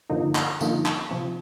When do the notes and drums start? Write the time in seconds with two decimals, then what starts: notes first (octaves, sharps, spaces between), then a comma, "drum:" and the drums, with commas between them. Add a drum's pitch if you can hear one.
0.10 G2 D3 F3 A#3 D#4
0.35 drum: clap
0.61 G2 D3 F3 A#3 D#4, drum: tambourine
0.86 drum: clap
1.11 C3 F3 C4